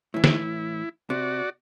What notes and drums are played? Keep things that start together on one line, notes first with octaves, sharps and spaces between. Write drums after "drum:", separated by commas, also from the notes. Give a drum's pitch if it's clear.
A2 E3 E4
drum: snare
C3 F#4 D5